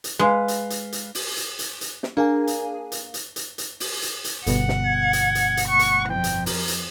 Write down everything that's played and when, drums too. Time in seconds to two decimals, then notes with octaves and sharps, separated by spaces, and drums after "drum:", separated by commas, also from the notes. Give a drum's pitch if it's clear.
0.04 drum: hi-hat
0.19 G#3 B4 F5
0.48 drum: hi-hat
0.70 drum: hi-hat
0.92 drum: hi-hat
1.15 drum: open hi-hat
1.37 drum: hi-hat
1.59 drum: hi-hat
1.81 drum: hi-hat
2.03 drum: snare
2.17 A#3 D4 G#4 G#5
2.47 drum: hi-hat
2.92 drum: hi-hat
3.14 drum: hi-hat
3.36 drum: hi-hat
3.58 drum: hi-hat
3.80 drum: open hi-hat
4.02 drum: hi-hat
4.24 drum: hi-hat
4.47 G1 B2 F#5, drum: hi-hat
4.69 drum: snare
4.87 G#6
5.13 drum: hi-hat
5.35 drum: hi-hat
5.57 drum: hi-hat
5.68 F#5 C#6
5.79 drum: hi-hat
6.10 F2 G5
6.24 drum: hi-hat
6.46 A#4, drum: open hi-hat
6.68 drum: hi-hat